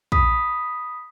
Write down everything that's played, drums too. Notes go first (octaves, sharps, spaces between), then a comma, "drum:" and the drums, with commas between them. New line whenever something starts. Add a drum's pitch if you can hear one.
B5 D#6 B6, drum: kick